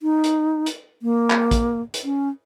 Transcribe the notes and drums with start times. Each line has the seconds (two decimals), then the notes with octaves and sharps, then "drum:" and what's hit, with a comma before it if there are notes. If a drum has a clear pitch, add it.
0.03 D#4
0.24 drum: hi-hat
0.66 drum: hi-hat
1.02 A#3
1.30 drum: clap
1.51 drum: kick, hi-hat
1.94 drum: hi-hat
2.04 C#4